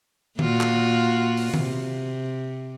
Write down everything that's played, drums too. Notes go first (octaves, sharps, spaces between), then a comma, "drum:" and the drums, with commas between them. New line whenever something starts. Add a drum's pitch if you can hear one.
A#2 F4 F#4, drum: tom D#3
drum: clap
drum: open hi-hat
C3, drum: tom D#3